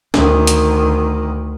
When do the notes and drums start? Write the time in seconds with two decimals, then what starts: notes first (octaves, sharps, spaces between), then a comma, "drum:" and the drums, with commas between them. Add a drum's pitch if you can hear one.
0.14 D2 D#3, drum: snare
0.47 drum: hi-hat